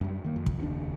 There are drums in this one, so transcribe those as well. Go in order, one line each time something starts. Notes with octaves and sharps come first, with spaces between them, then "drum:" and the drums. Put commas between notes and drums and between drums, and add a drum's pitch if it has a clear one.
F#2 G3
D#3 A#3
F2
drum: kick
F1 D#2 C#3 D4